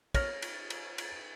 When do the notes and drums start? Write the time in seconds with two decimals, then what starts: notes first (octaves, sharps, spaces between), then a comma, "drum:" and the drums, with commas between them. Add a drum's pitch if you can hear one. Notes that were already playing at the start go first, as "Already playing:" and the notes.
0.14 C#5 F6 A#6, drum: kick, cymbal
0.42 drum: cymbal
0.70 drum: cymbal
0.98 drum: cymbal